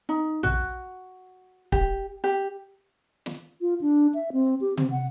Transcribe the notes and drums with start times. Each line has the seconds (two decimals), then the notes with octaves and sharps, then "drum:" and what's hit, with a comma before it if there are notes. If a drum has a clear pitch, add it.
0.09 D#4
0.43 F#4, drum: tom
1.72 G4, drum: kick
2.24 G4
3.26 drum: snare
3.61 F4
3.81 D4
4.14 E5
4.32 C4
4.61 G4
4.77 C4, drum: tom
4.91 F#5